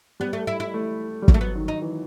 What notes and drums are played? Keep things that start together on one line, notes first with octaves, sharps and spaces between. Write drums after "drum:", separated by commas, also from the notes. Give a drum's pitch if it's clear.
G3 B3
A3
E4
E4
A3
G3
F#3, drum: kick
A3
B3
D#3
D#4
E3